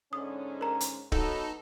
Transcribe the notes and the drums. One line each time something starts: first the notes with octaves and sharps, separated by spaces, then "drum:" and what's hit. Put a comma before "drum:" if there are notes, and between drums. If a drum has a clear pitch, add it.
G#2 D3 C#4 D#6
A#4 A#5
drum: hi-hat
F#3 B3 D#4 A4, drum: kick D1